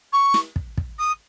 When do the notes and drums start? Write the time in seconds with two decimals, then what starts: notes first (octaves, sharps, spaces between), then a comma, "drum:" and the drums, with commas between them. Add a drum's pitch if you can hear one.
0.13 C#6
0.34 drum: snare
0.56 drum: kick
0.78 drum: kick
0.99 D#6